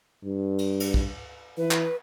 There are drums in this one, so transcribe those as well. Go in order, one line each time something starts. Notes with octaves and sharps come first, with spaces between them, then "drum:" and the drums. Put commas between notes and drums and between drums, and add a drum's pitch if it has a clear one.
G2
drum: cymbal
drum: cymbal
drum: kick
E3 B4
drum: clap